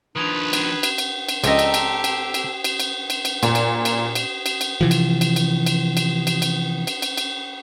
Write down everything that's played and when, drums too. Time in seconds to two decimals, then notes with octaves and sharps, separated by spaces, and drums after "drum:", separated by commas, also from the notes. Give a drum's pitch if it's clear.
0.16 D#3 F3 D4 B4 D#6 G#6 F7
0.53 drum: cymbal
0.83 drum: cymbal
0.98 drum: cymbal
1.29 drum: cymbal
1.44 C#2 F3 C4 D4 G4 A4 D#5 A#5, drum: cymbal
1.59 drum: cymbal
1.74 drum: cymbal
2.04 drum: cymbal
2.34 drum: cymbal
2.64 drum: cymbal
2.80 drum: cymbal
3.10 drum: cymbal
3.25 drum: cymbal
3.43 A#2, drum: cymbal
3.55 drum: cymbal
3.85 drum: cymbal
4.15 drum: cymbal
4.46 drum: cymbal
4.61 drum: cymbal
4.81 C3 E3 F3
4.91 drum: cymbal
5.21 drum: cymbal
5.36 drum: cymbal
5.66 drum: cymbal
5.97 drum: cymbal
6.27 drum: cymbal
6.42 drum: cymbal
6.87 drum: cymbal
7.02 drum: cymbal
7.17 drum: cymbal